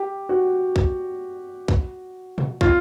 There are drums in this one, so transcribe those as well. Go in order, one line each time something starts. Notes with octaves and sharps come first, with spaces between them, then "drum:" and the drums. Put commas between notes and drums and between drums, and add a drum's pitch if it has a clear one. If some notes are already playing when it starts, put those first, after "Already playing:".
Already playing: G4
F#4
drum: kick
drum: kick
drum: tom A#2
F4, drum: kick